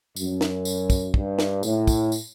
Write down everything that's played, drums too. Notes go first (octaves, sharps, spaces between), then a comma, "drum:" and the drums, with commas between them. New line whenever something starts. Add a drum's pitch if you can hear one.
F#2, drum: tambourine
drum: snare
drum: tambourine
drum: kick, tambourine
G2, drum: kick
drum: snare
A2, drum: tambourine
drum: kick, tambourine
drum: tambourine